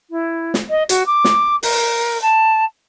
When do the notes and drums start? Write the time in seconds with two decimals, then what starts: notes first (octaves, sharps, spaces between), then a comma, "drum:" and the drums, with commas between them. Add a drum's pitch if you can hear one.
0.10 E4
0.54 drum: snare
0.70 D#5
0.89 F#4, drum: hi-hat
1.06 D6
1.24 drum: snare
1.63 A#4, drum: open hi-hat
2.22 A5